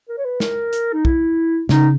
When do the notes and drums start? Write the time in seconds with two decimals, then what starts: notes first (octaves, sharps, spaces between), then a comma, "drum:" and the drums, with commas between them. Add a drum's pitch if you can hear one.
0.09 A#4
0.18 C#5
0.24 B4
0.40 A#4, drum: snare
0.73 drum: hi-hat
0.93 D#4
1.05 E4, drum: kick
1.69 C#3 D#4, drum: snare